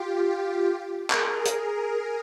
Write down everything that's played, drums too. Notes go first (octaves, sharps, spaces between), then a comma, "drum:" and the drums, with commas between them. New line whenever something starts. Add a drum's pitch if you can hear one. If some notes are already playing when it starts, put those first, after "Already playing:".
Already playing: F4 G4
G#4 A#4, drum: clap
drum: hi-hat